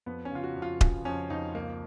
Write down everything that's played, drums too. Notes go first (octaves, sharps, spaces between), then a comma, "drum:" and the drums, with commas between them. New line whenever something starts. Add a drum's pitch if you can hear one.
F2 B3
C#4
C#3 F4
F#4
F2
F4
C#3, drum: kick D#1
F2 C#4
F2 D#4
C#2 A#3